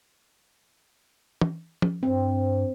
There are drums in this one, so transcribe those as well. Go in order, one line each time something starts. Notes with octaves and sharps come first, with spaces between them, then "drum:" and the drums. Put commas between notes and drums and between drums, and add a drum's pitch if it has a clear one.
drum: tom
drum: tom
G2 C4